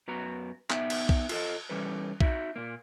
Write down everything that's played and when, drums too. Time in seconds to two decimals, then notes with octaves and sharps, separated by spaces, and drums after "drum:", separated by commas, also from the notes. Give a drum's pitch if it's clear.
0.08 F#2 B3 F#4 A#5
0.70 B3 D#4 E5 G5, drum: clap
0.90 drum: cymbal
1.09 drum: kick B1
1.29 F4 A4 D#5, drum: cymbal
1.69 E3 G3 C#4 A4 B4
2.21 D#4 F#4 E5, drum: kick B1
2.56 A#2 A#3